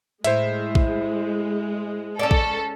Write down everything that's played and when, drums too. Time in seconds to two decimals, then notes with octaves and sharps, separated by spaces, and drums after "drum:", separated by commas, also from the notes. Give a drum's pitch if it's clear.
0.24 A2 G#3 C5 E5, drum: hi-hat
0.75 drum: kick A#1
2.19 C#4 A4 D5
2.31 drum: kick A#1